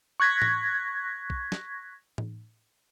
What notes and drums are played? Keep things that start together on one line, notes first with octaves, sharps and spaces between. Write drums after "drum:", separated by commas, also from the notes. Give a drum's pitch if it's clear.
C#6 F#6 G#6 A#6 B6
drum: tom A2
drum: kick
drum: snare
drum: tom A2